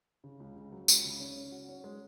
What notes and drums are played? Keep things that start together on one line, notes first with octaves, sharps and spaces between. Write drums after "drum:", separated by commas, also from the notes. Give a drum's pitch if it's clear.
C#3
C#2
C#3
F#3
C#2, drum: tambourine
C#3
C#4
C#4
F#4
C#4
G#3